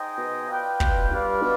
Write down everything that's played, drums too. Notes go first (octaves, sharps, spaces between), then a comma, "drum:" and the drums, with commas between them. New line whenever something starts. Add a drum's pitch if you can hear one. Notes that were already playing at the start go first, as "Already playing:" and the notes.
Already playing: D#4 G#4 C5 D#5 G5
B2
F4 B4 D5 G5
B2, drum: kick
G2 F4 B4 D5 F5
B2